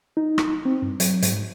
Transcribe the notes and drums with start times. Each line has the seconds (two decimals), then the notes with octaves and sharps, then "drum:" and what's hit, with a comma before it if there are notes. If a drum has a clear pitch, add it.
0.17 D#4
0.38 drum: rim click
0.65 C4
0.82 G2
1.00 F#3, drum: hi-hat
1.22 G#2, drum: hi-hat